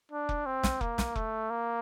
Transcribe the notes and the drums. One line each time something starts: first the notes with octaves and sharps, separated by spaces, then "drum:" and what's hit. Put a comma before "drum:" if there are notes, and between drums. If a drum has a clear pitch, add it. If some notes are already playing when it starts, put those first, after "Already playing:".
D4
drum: kick F1
C4
drum: snare
A#3, drum: kick F1
drum: snare
A3, drum: kick F1
A#3